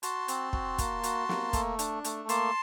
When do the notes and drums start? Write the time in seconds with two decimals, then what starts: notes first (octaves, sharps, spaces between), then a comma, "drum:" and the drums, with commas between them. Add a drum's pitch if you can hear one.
0.03 F#4 A5 C6, drum: hi-hat
0.28 C4, drum: hi-hat
0.53 F#4, drum: kick
0.78 A#3, drum: kick, hi-hat
1.04 F#4, drum: hi-hat
1.29 A#3, drum: snare
1.53 A3, drum: kick, hi-hat
1.79 D4, drum: hi-hat
2.05 A3, drum: hi-hat
2.29 A#3 A5 C6, drum: hi-hat